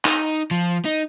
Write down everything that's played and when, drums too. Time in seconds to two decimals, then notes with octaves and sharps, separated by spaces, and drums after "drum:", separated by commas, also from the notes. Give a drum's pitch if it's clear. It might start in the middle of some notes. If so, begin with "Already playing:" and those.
0.05 D#4, drum: clap
0.51 F3
0.85 D#4